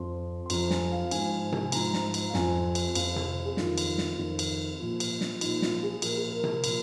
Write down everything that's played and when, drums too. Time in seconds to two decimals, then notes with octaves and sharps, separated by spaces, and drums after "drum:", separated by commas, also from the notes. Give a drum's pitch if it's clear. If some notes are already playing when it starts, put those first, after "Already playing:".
Already playing: F2 F3 C6
0.46 C6
0.50 F2 F3 A#5, drum: cymbal
0.70 G#5, drum: snare
0.91 F5
1.11 G#2 F3 G#5, drum: cymbal
1.52 drum: tom C3
1.65 G#5
1.72 G#2 F3 A#5, drum: cymbal
1.94 A#5, drum: snare
2.14 A#5, drum: cymbal
2.29 F5
2.34 F2 F3 G#5, drum: snare
2.75 drum: cymbal
2.95 F2 F3 F5, drum: cymbal
3.16 drum: tom C3
3.45 G#4
3.57 F2 D#3 F4, drum: snare
3.78 drum: cymbal
3.98 drum: snare
4.18 F2 D#3
4.39 drum: cymbal
4.80 A#2 F3
5.00 drum: cymbal
5.21 drum: snare
5.41 A#2 F3 D#4, drum: cymbal
5.62 F4, drum: snare
5.83 G#4
6.02 A#2 F3 A#4, drum: cymbal
6.16 G#4
6.30 A#4
6.44 drum: tom C3
6.64 A#2 F3, drum: cymbal